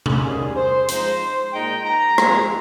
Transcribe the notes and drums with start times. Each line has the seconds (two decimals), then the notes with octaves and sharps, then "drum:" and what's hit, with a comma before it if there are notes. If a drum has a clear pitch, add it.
0.06 drum: tom C3
0.24 D#3 G3 C#4 G#4
0.56 C5
0.88 F3 G#3 D#4 C5, drum: hi-hat
1.53 A#2 G#3 D#4 G5
1.86 A#5
2.18 A#2 F3 G#3 C4, drum: rim click